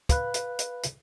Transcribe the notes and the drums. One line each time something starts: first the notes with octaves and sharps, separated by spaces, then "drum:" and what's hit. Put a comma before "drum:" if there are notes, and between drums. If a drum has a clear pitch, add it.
B4 F5 B5 F#6, drum: kick, hi-hat
drum: hi-hat
drum: hi-hat
drum: hi-hat